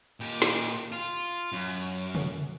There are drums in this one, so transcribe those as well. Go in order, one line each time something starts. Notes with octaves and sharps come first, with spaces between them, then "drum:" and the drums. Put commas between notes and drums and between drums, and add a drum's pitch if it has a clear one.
A#2 G4
drum: snare
F4
F#2
drum: tom